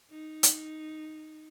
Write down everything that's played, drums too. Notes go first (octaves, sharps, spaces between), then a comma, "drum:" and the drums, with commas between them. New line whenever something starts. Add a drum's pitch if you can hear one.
D#4
drum: hi-hat